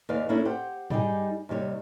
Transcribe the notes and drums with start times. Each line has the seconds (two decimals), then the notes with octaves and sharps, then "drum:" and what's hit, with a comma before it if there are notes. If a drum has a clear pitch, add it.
0.09 D#2 G#4 B4 D5 F5
0.29 A#3 C#4 D4 E4 A4 A#4
0.45 G4 C5 F#5
0.90 G3 D#4 G4 G#4, drum: tom
1.49 D#2 C3 G3 C#5